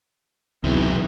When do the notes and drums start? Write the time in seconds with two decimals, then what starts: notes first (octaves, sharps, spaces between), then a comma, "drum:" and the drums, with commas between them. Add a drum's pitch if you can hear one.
0.64 B1 E2 C3 E3 F#3 D#4, drum: kick C2